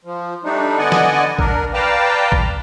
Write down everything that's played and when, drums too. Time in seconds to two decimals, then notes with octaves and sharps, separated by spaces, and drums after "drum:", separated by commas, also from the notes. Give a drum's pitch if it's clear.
0.05 F3
0.45 G3 A3 D4 D#4
0.78 D3 B3 D5 D#5 F#5 G#5
0.92 drum: snare
1.39 D4 A#4, drum: kick A#1
1.74 B4 D5 F5 G5 A5 A#5
2.32 drum: kick A#1